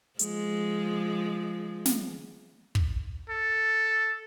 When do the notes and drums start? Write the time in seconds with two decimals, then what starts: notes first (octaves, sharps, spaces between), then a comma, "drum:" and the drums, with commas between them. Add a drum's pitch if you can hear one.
0.19 F3 G#3, drum: hi-hat
1.85 drum: snare
2.75 drum: kick
3.29 A4